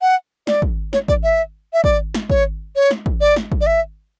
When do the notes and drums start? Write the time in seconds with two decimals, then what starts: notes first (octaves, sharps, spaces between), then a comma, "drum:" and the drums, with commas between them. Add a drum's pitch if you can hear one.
0.02 F#5
0.47 D5, drum: snare
0.62 drum: kick
0.93 C#5, drum: snare
1.08 D5, drum: kick
1.23 E5
1.73 E5
1.84 D5, drum: kick
2.14 drum: snare
2.30 C#5, drum: kick
2.76 C#5
2.91 drum: snare
3.06 drum: kick
3.21 D5
3.36 drum: snare
3.52 drum: kick
3.61 D5
3.67 E5